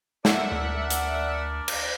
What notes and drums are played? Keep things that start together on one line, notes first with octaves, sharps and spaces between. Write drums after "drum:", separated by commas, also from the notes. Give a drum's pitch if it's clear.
D4 A#4 D5 E5 F#5, drum: snare
D2
drum: hi-hat
drum: cymbal